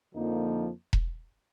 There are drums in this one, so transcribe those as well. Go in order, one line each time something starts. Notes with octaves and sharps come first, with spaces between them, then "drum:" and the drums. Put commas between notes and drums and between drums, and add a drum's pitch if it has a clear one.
F2 D3 F3 A#3 D#4
drum: kick E1